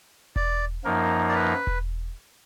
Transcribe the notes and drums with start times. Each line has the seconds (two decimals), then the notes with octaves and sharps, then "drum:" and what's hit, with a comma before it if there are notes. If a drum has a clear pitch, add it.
0.36 D5, drum: kick E1
0.84 F#2 F3 A#3 D#4 A#4
1.29 D5
1.34 B4
1.67 drum: kick E1